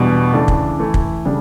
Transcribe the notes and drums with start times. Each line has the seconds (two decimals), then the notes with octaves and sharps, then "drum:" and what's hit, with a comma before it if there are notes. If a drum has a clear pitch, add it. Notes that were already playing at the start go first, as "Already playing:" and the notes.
Already playing: E2 B2 G3 D4
0.33 C#3 E3 A3 D4
0.48 drum: kick
0.79 E3 A3 E4
0.94 drum: kick
1.25 C#3 G3 D4